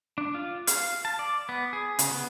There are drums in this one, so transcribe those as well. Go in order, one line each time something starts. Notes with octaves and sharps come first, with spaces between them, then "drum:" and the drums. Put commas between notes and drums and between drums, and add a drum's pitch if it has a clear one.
D4
F4
F5, drum: hi-hat
A5
D5
B3
G#4
C#3, drum: hi-hat
B3